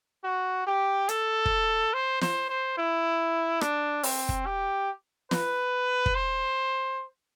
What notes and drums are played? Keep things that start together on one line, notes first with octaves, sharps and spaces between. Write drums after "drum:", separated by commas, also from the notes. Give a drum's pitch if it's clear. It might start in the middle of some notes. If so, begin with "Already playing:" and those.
F#4
G4
A4, drum: hi-hat
drum: kick
C5
C5, drum: snare
C5
E4
D4, drum: rim click
C4, drum: open hi-hat
drum: kick
G4
B4, drum: snare
drum: kick
C5